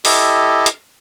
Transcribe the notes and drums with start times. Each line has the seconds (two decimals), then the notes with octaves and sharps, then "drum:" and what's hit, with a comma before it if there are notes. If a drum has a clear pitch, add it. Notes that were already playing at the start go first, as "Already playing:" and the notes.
0.05 E4 G4 A4 D#5, drum: open hi-hat
0.66 drum: hi-hat